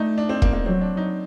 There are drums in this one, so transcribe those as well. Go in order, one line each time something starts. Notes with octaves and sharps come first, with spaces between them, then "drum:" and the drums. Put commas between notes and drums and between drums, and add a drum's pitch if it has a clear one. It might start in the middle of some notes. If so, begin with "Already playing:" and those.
Already playing: A3 D4 D#4
D4
C4
A#3, drum: kick
A#3
F#3 C4
D4
D#4